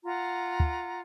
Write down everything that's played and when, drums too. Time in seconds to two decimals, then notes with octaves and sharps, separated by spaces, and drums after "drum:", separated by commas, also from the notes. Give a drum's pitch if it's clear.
0.05 F4 F#5 A#5
0.60 drum: kick